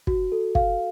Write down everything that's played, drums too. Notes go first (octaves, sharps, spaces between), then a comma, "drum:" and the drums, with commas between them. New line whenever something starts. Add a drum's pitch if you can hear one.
F#4, drum: kick
A4
F5, drum: kick